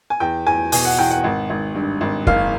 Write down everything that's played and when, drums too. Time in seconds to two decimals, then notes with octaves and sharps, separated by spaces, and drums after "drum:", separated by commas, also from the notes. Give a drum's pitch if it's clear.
0.10 G#5
0.20 E2 G5
0.47 E2 G#5
0.72 B2 G#5, drum: open hi-hat
0.85 F#5
0.98 E2 G5
1.11 F#5
1.24 G#1
1.50 G#1
1.75 G2
2.01 G#1
2.27 F#1 F5, drum: kick